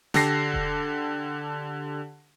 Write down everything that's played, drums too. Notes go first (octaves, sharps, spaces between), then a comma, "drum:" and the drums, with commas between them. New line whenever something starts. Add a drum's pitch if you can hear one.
D3 G4 A4 A#6 C7, drum: snare
drum: kick E1